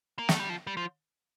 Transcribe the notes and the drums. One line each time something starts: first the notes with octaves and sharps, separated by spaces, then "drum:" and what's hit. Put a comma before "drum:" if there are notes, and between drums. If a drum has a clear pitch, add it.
A#3
A3, drum: snare
G3
F3
G3
F3